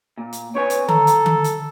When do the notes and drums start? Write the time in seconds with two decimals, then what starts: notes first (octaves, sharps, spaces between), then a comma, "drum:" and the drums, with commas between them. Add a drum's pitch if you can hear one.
0.18 A#2
0.33 drum: hi-hat
0.55 C4 B4 C#5 G#5
0.70 drum: hi-hat
0.88 A4 A#5, drum: tom D3
1.07 drum: hi-hat
1.26 drum: tom D3
1.44 drum: hi-hat